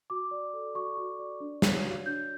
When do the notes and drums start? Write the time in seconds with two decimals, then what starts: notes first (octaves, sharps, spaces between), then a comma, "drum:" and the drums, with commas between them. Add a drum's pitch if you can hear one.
0.10 F#4 D6
0.31 D5
0.53 A4
0.75 F#4 C#6
0.98 F#4
1.19 D5
1.40 D4
1.62 C#5, drum: snare
1.84 F#4
2.06 D4 G6